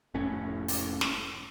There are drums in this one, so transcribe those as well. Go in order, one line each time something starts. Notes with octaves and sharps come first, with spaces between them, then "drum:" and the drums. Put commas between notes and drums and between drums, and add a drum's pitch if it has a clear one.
F1 A2 C#4
drum: open hi-hat
drum: snare